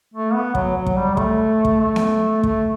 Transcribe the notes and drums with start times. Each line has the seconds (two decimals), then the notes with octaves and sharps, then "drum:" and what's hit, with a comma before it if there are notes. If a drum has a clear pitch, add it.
0.14 A3
0.34 B3
0.55 F#3, drum: kick
0.76 F#3
0.86 drum: kick
0.97 G3
1.17 A3, drum: kick
1.65 drum: kick
1.80 A3
1.96 drum: snare B3
2.43 A3, drum: kick